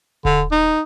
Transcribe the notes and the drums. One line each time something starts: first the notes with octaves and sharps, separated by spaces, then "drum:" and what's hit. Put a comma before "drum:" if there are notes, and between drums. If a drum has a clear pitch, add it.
D3, drum: kick D#1
D#4